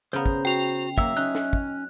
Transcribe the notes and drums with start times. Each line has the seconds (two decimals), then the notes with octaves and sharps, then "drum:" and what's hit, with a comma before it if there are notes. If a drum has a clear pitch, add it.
0.13 C#3 B3 C5 A#5
0.26 drum: kick
0.45 F#4 G5 F7
0.98 F#3 A#3 E5 E6, drum: kick
1.17 C#4 D#4 F#6
1.35 drum: snare
1.53 drum: kick